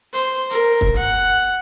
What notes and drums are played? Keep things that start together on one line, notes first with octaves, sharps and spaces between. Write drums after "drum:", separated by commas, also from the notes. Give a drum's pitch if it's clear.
C5, drum: hi-hat
A#4, drum: hi-hat
drum: kick
F#5